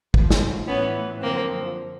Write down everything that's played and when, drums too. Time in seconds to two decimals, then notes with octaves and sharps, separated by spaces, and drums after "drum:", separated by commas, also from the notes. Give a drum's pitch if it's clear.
0.14 A2 F3, drum: kick
0.31 drum: snare
0.68 A2 E3 B3 C#4
1.22 F#2 D3 F3 A#3 C4